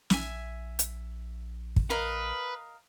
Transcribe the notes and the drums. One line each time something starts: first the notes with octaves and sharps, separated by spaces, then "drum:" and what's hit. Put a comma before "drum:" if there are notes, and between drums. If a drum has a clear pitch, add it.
A#1 E5 G#5, drum: snare
drum: hi-hat
drum: kick
A#4 B4 D#5 F5